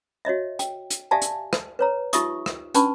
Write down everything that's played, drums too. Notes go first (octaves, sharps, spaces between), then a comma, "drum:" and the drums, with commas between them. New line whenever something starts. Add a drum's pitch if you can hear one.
F#4 C#5 D#5 E5
G5, drum: hi-hat
drum: hi-hat
G4 D5 E5 F5 G#5 A5
drum: hi-hat
drum: rim click
B4 C#5 A#5
D#4 F4 G4 E5 C#6 D#6, drum: hi-hat
drum: rim click
C#4 D4 B4 A5 B5 C#6, drum: hi-hat